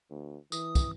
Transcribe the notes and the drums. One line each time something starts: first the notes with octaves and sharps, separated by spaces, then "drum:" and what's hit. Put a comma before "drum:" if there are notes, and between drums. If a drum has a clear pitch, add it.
D2
E3 D#6, drum: tambourine
drum: kick, tambourine